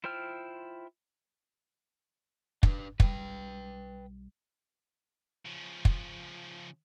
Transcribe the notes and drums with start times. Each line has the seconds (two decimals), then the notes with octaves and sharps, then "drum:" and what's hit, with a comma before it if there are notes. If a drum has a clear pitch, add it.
0.04 E4 F4 C5 G5 F6
2.63 D4 B4, drum: kick
3.00 B1 G3 B4 G5, drum: kick
5.46 C#3 F3
5.85 drum: kick